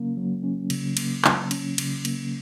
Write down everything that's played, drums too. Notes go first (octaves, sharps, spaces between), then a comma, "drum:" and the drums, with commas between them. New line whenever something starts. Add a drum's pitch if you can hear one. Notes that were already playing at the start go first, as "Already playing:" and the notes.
Already playing: C#3 F#3 A#3 C#4
F#3
C#4
C#3, drum: cymbal
A#3, drum: cymbal
F#3, drum: clap
C#4, drum: cymbal
C#3, drum: cymbal
A#3, drum: cymbal